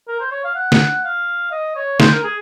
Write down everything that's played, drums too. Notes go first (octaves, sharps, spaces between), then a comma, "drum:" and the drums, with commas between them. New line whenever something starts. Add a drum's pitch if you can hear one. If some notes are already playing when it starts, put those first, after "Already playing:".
A#4
C5
C#5
F5
F#5
drum: snare
F5
D#5
C#5
C5, drum: snare
A#4
G#4